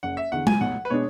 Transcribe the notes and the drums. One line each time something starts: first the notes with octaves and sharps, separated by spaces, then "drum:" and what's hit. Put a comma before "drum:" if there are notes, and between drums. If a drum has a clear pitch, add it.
F#1 F#5
E5
E2 D3 F#5
G#5, drum: tom G#3
B1 F#5
B4
B2 G#3 B3 D4 C#5